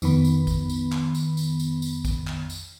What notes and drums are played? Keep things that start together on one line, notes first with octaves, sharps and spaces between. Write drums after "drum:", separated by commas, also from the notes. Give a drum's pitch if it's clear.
F2 D#3 B3 B5, drum: tambourine
drum: tambourine
drum: kick, tambourine
drum: tambourine
drum: clap
drum: tambourine
drum: tambourine
drum: tambourine
drum: tambourine
drum: kick, tambourine
drum: clap
drum: tambourine